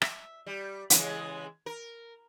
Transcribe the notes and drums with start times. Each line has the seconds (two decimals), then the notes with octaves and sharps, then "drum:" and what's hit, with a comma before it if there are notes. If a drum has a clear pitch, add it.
0.02 E5, drum: rim click
0.47 G3
0.90 C#3 E3 G#3, drum: hi-hat
1.66 A#4